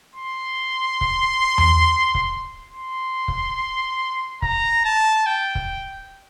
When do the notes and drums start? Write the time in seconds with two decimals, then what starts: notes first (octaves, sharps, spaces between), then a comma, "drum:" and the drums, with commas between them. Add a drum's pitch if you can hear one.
0.15 C6
1.01 drum: kick
1.58 drum: tom E2
2.15 drum: kick
2.71 C6
3.28 drum: kick
4.42 A#5, drum: kick
4.85 A5
5.26 G5
5.55 drum: kick